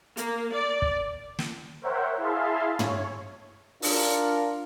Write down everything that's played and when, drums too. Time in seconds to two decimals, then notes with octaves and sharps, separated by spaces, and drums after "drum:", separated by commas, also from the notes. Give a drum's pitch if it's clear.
0.17 A#3, drum: hi-hat
0.54 D5
0.82 drum: kick
1.39 drum: snare
1.82 A#4 C5 C#5 E5 F#5 G5
2.17 E4 G#4 E5 F5 A5 C6
2.79 C#5, drum: tom
3.82 D4 F4 A#4, drum: open hi-hat